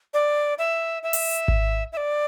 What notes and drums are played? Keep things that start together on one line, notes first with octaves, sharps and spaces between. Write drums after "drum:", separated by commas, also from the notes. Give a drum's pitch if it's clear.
D5
E5
E5
drum: open hi-hat
drum: kick G#1
E5
D5